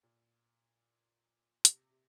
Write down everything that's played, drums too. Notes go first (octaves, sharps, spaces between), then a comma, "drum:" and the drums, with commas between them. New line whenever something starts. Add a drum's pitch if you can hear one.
A#2
C3, drum: hi-hat
C3